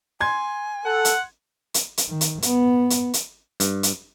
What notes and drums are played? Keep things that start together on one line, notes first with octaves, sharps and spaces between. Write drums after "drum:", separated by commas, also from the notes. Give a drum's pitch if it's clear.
G#5 C6 G#6
A4 F#5
drum: hi-hat
drum: hi-hat
drum: hi-hat
D#3
drum: hi-hat
B3, drum: hi-hat
drum: hi-hat
drum: hi-hat
G2, drum: hi-hat
drum: hi-hat